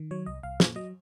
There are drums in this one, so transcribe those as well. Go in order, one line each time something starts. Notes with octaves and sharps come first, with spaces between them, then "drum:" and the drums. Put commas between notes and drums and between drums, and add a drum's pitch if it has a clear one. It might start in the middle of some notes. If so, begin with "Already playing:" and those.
Already playing: D#3
F#3 C#5
C2 D#5
C2 F5
A#2, drum: snare
F#3 D#5